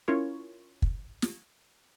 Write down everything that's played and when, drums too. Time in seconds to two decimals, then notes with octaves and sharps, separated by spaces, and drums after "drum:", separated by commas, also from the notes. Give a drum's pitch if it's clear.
0.08 C#4 E4 F4 A#4 C#5
0.82 drum: kick
1.22 drum: snare